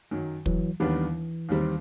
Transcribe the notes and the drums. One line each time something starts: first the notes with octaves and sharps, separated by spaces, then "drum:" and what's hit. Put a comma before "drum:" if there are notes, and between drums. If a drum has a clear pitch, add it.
F#2 D#3 F#3
E3 F#3, drum: kick
D#2 D#3 E3 G3 B3 D4
D#2 D#3 G3 C4